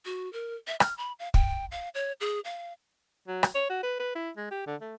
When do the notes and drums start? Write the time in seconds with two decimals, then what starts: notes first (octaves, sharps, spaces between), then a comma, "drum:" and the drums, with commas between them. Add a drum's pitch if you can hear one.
0.05 F#4
0.33 A#4
0.67 E5
0.80 F6, drum: rim click
0.98 B5
1.19 F5
1.34 G5, drum: kick
1.71 F5
1.95 C#5
2.20 G#4
2.45 F5
3.28 F#3
3.43 drum: rim click
3.55 C#5
3.70 F#4
3.83 B4
3.99 B4
4.15 E4
4.37 G#3
4.51 G4
4.67 D3
4.81 A3